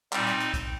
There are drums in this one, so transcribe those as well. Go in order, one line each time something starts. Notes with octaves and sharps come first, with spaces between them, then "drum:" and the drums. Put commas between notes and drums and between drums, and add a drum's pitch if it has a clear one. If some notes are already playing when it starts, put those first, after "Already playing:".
A#2 G3 C4 D#4, drum: clap
drum: hi-hat
drum: hi-hat
drum: kick A#1, hi-hat